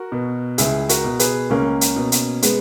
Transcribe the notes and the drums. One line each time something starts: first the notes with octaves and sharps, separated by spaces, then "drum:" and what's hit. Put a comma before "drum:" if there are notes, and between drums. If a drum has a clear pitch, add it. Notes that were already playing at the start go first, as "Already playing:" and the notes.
Already playing: F#4 A#4
B2
C#2 E4 G#4, drum: hi-hat
F#4 A#4, drum: hi-hat
B2
G#4 B4, drum: hi-hat
C#2 A#3 C#4
drum: hi-hat
B2
drum: hi-hat
G#3 B3, drum: hi-hat